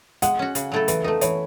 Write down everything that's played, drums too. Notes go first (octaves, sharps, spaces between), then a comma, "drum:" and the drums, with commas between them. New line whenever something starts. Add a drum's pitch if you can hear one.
G#3 F#5, drum: hi-hat
C#4 F#4
C#3, drum: hi-hat
F#3 A3 E4 A4
E3 B4, drum: hi-hat
A3 D#4 B4
E3 C#5, drum: hi-hat